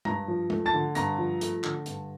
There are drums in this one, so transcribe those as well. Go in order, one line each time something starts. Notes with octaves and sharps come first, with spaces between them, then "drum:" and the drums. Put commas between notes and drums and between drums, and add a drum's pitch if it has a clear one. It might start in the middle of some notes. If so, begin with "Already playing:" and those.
G2 A#5 A#6, drum: tom
F3
A3, drum: tom
A5 A6
D3
G2 A#5 A#6, drum: hi-hat
F3
A3, drum: hi-hat
D3, drum: clap
G2, drum: hi-hat